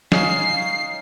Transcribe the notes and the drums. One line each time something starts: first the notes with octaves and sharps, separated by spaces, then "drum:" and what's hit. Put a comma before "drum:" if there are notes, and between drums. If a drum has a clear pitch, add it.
C#4 D#4 F5 C7, drum: snare